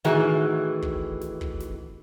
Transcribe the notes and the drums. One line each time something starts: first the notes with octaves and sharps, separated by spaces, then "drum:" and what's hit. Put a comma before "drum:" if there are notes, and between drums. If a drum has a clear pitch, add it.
A2 D#3 E3 F#4 G#4, drum: snare
drum: kick
drum: snare
drum: kick
drum: snare